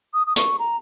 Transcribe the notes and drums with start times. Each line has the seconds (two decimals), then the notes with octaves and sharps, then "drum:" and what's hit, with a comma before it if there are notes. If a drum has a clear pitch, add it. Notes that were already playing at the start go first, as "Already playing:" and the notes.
0.13 D#6
0.26 D#6
0.36 C#6, drum: hi-hat
0.59 A#5